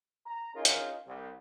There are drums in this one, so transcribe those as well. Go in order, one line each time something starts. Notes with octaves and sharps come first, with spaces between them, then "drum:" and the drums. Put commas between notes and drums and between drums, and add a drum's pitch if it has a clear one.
A#5
C#4 D#4 F4 G#4 A#4
drum: hi-hat
C2